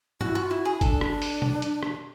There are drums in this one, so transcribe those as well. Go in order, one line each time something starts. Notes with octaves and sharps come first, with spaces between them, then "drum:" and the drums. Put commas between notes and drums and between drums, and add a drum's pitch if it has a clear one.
E4 F#4, drum: tom G2
F4 F#4
E4 F#4
E4 G#4
D4 A4, drum: kick G#1, hi-hat
drum: rim click
drum: open hi-hat
drum: tom B2
drum: hi-hat
drum: rim click